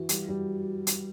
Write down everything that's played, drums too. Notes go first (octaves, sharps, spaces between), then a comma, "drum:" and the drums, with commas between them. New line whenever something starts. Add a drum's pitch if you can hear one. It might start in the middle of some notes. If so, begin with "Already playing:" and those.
Already playing: E3 F#4
G3, drum: hi-hat
G3
drum: hi-hat